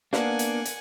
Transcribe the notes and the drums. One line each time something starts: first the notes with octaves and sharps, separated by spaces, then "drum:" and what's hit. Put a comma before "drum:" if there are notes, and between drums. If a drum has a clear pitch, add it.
A#3 B3 D4 F#5 G#5, drum: snare
drum: hi-hat
drum: hi-hat